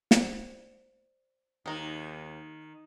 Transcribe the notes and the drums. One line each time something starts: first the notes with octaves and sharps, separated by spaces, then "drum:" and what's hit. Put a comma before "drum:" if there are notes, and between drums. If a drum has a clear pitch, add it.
C5 D5, drum: snare
D#2 D#3 G#3 D#4